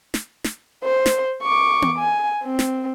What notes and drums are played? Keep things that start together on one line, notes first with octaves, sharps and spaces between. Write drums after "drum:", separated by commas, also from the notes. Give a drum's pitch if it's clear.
drum: snare
drum: snare
C5
drum: snare
C#6 D6
drum: tom B3
G#5
C4
drum: snare